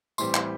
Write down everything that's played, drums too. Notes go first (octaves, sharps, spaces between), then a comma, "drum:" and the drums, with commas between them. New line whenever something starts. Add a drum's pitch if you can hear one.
A2 E3 G3 C4 C6, drum: tambourine
B5, drum: clap